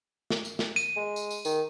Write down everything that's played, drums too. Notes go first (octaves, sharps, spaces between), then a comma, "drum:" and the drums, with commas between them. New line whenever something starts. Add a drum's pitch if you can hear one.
drum: snare
drum: tambourine
drum: snare
D#7, drum: tambourine
G#3
drum: tambourine
drum: tambourine
D#3, drum: tambourine